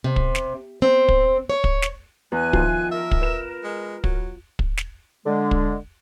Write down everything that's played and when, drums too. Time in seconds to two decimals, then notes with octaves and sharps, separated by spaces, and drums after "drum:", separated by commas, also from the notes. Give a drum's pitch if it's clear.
0.04 C3
0.16 drum: kick
0.35 drum: snare
0.82 C4
1.08 drum: kick
1.50 C#5
1.64 drum: kick
1.82 drum: snare
2.32 E2 G#5 F#6
2.53 D#3 F3 F4, drum: kick
2.92 A#4 E5
3.11 drum: kick
3.22 B4 E7
3.63 G#3
4.04 F#3, drum: kick
4.59 drum: kick
4.77 drum: snare
5.25 D3 G#3
5.51 drum: kick